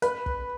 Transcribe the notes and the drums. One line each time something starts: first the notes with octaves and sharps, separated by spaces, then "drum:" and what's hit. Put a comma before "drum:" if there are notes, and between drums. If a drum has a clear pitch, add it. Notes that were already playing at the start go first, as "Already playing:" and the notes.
B4, drum: hi-hat
drum: kick